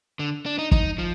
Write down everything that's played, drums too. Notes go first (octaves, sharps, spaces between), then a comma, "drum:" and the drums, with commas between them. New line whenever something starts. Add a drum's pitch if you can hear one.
D3
D4
D#4
D#4, drum: kick G1
F3